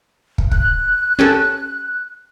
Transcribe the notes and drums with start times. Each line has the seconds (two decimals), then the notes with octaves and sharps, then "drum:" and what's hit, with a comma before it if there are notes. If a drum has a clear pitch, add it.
0.38 drum: kick
0.51 F#6, drum: kick
1.19 C#4 G4 A4